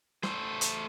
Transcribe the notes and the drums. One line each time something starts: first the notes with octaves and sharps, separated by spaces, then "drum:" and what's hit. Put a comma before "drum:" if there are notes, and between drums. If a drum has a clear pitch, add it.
A3 C5, drum: snare
drum: hi-hat